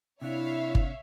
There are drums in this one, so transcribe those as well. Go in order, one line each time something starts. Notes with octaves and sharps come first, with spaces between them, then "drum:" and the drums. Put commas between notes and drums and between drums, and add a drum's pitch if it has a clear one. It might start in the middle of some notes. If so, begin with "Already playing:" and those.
C3 D4 E4 C#5 E5 F5
drum: kick G1